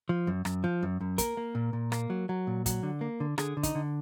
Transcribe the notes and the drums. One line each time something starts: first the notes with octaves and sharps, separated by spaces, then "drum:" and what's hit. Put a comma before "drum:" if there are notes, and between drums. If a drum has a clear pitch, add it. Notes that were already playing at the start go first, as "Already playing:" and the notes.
F3
F#2
F#2, drum: rim click
F3
F#2
F#2
A#3 A#4, drum: kick, hi-hat
A#3
A#2
A#2
A#3, drum: rim click
F#3
F#3
A#2
F#3, drum: kick, hi-hat
D3
A#3
D3
D3 G#4, drum: rim click
D3
D#4, drum: kick, hi-hat
D3